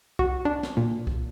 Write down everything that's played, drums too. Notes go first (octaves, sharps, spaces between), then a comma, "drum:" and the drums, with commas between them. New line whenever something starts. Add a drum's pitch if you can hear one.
F#4, drum: kick C2
D4
drum: snare
A#2
drum: kick C2